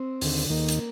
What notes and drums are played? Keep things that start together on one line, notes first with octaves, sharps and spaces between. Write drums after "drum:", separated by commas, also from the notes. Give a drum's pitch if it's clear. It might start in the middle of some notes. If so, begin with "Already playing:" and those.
Already playing: C4
D#2 D3, drum: open hi-hat
D#2 D#3 A#3
drum: hi-hat